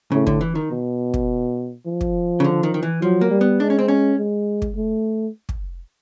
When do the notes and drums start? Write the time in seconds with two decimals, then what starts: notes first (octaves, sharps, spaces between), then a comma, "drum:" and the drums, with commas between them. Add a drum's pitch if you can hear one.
0.12 A2 C#3
0.27 D3, drum: kick
0.41 E3
0.55 D#3
0.71 B2
1.14 drum: kick
1.86 F3
2.01 drum: kick
2.40 C#3
2.44 D3
2.63 D#3
2.74 D#3
2.83 E3
3.02 F3 F#3
3.21 A#3
3.31 G3
3.41 B3
3.60 G#3 D4
3.70 C#4
3.79 C4
3.88 C#4
4.18 G#3
4.62 drum: kick
4.76 A3
5.49 drum: kick